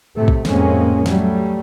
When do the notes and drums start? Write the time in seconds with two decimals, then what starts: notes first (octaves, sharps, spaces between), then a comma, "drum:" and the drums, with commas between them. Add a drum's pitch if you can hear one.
0.16 A2 C3 A3
0.28 drum: kick
0.45 F2 A2 G#3 A#3 C4 C#4, drum: snare
1.06 F#3 G3 A3, drum: snare